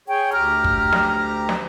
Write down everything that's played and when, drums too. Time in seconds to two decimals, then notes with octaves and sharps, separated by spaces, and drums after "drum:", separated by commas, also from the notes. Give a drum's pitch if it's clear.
0.08 G#4 C#5 G5
0.33 D2 G4 A#5 F6
0.64 drum: kick
0.93 drum: snare
1.49 drum: snare